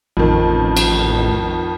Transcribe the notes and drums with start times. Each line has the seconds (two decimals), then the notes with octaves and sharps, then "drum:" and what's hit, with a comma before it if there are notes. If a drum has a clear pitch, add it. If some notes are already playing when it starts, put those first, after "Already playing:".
0.17 A1 F2 D#3
0.77 drum: cymbal